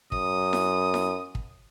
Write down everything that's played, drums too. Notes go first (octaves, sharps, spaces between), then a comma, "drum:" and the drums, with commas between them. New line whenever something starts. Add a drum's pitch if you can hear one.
F#2 D#6, drum: kick
drum: snare E4
drum: snare E4
drum: kick